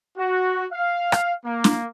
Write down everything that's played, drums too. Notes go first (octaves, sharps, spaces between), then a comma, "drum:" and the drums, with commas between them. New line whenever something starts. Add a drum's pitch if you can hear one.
F#4
F5
drum: rim click
A#3
drum: snare